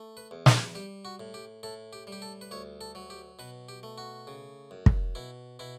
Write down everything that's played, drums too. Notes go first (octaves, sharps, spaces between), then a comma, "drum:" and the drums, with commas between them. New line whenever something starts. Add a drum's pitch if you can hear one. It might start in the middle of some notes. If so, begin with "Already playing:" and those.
Already playing: A3
B4
E2
A4, drum: snare
G3 G4
F#4
A2
G4
A2 A4
G4
G3
G4
A4
B4
D2 C#5
A4
F#3
G4
B2 B4
G4
A3
F#4
C#3
F#2
drum: kick
B2 E4
B2 E4